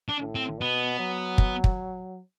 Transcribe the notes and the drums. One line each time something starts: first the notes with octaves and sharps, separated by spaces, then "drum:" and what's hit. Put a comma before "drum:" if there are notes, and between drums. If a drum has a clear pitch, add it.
D4
A2
C4
B2 B3
F#3
drum: kick
drum: kick